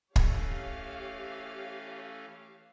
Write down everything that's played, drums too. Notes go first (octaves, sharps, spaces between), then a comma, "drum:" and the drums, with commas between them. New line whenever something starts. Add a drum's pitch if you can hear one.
E3 A3 C#4 G4 C#5 F5, drum: kick